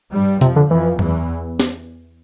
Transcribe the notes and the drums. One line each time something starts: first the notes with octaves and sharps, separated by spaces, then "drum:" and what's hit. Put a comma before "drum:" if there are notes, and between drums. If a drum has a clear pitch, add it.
G2 G3
F2 C3 F3, drum: hi-hat
D3
F2 E3 F3
E2 E3, drum: tom
drum: snare